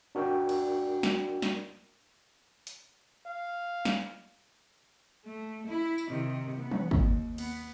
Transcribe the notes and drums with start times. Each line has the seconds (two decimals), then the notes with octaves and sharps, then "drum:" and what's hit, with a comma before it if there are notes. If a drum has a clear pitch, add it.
0.15 D4 F#4 A#4 D5 G5
0.49 drum: cymbal
1.03 drum: snare
1.42 drum: snare
2.67 drum: hi-hat
3.26 F5
3.85 drum: snare
5.25 A3
5.66 E4
5.98 drum: tambourine
6.08 C3 D#3
6.56 B3
6.71 drum: tom E3
6.91 D#2, drum: kick
7.38 B3, drum: cymbal